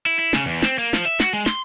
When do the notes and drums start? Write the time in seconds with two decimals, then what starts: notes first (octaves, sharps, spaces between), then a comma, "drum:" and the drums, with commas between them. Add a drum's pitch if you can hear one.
0.06 E4
0.19 E4
0.33 C#3, drum: snare
0.46 E2
0.62 C4, drum: snare
0.78 A#3
0.93 F3, drum: snare
1.05 E5
1.20 F#4, drum: snare
1.33 G#3
1.46 C6, drum: snare